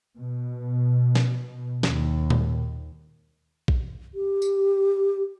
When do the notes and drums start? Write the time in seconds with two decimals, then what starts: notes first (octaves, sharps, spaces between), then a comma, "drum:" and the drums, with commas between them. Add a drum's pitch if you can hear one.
0.18 B2
1.15 drum: snare
1.83 D#2, drum: snare
2.30 drum: tom A#2
3.68 drum: kick A#1
4.14 G4
4.42 drum: tambourine